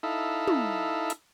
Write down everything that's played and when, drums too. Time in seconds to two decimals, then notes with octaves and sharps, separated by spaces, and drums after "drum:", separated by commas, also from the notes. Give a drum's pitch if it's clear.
0.03 D#4 E4 A4 E5 F5
0.48 drum: tom
1.10 drum: hi-hat